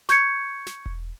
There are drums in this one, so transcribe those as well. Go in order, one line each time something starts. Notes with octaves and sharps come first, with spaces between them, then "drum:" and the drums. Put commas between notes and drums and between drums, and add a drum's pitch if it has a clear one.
C#6 G6 G#6 C#7, drum: snare
drum: snare
drum: kick E1